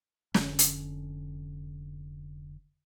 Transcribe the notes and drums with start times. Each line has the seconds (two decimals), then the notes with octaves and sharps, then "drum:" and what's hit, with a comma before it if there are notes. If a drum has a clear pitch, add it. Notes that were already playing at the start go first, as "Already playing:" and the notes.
0.34 F1 D3 C#4, drum: snare
0.59 drum: hi-hat